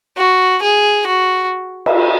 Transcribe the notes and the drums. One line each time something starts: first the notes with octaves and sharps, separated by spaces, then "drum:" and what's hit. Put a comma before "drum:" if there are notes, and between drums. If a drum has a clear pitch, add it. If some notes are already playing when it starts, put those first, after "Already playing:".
F#4
G#4
F#4
drum: cymbal